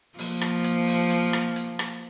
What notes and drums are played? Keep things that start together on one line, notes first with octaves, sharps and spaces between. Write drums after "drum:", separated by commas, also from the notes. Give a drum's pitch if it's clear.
F3 A#3, drum: open hi-hat
drum: rim click
drum: hi-hat
drum: open hi-hat
drum: hi-hat
drum: rim click
drum: hi-hat
drum: rim click